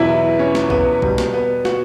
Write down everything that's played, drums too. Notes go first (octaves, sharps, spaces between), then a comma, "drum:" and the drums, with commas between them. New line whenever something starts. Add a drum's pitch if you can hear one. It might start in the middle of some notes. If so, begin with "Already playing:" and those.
Already playing: E2 B2 F#3 E4 B4
C#4
drum: snare
B3, drum: kick
B2 G3, drum: kick
drum: snare
B3
F#4, drum: snare